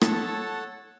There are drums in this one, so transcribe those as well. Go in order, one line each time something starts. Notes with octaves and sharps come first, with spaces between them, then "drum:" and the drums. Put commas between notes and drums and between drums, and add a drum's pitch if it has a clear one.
A4 C#5 F#5 A5, drum: rim click